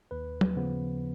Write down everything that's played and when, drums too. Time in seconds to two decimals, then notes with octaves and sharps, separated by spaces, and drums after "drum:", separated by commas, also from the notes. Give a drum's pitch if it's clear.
0.11 D#2 B4
0.41 drum: tom F#3
0.56 C#3 F3 B3